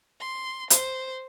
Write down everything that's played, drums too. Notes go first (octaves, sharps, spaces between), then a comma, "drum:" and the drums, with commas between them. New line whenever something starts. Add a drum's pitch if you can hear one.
C6
C5, drum: hi-hat